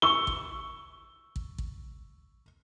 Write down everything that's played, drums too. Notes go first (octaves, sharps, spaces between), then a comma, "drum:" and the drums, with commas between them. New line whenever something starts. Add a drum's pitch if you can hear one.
C#6 E6 G7
drum: kick
drum: kick
drum: kick